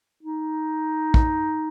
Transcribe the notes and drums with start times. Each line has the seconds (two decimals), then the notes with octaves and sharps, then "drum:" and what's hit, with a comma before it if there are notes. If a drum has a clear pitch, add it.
0.23 D#4
1.14 drum: kick